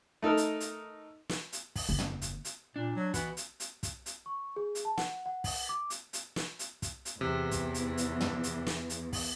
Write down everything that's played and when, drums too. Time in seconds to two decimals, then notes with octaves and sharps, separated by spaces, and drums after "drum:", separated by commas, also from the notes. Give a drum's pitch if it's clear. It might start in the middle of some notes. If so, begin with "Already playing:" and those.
0.22 A3 D#4 A4 A#4
0.37 drum: hi-hat
0.60 drum: hi-hat
1.29 drum: snare
1.52 drum: hi-hat
1.76 drum: kick, open hi-hat
1.89 F#1
1.99 drum: tom
2.22 drum: hi-hat
2.45 drum: hi-hat
2.76 A#2 D4
2.96 F#3
3.14 E3 F#4 B4, drum: kick, hi-hat
3.37 drum: hi-hat
3.60 drum: hi-hat
3.83 drum: kick, hi-hat
4.06 drum: hi-hat
4.26 C#6
4.56 G#4
4.75 drum: hi-hat
4.85 A5
4.98 F#5, drum: snare
5.26 F#5
5.44 drum: kick, open hi-hat
5.69 D6
5.90 drum: hi-hat
6.13 drum: hi-hat
6.36 drum: snare
6.59 drum: hi-hat
6.82 drum: kick, hi-hat
7.05 drum: hi-hat
7.21 E2 C3
7.51 drum: kick, hi-hat
7.74 drum: hi-hat
7.97 drum: hi-hat
8.20 drum: tom
8.43 drum: hi-hat
8.67 drum: snare
8.90 drum: hi-hat
9.13 drum: kick, open hi-hat